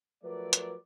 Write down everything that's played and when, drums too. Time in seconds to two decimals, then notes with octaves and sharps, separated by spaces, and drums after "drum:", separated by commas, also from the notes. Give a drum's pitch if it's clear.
0.24 F3 F#3 A3 A#4 B4 D5
0.53 drum: hi-hat